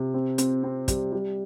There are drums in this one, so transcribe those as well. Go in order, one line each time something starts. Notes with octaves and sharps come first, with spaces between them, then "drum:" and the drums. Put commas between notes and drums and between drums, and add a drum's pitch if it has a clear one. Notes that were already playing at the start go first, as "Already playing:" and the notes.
Already playing: C3
C4
C4, drum: hi-hat
C4
G3, drum: kick, hi-hat
G3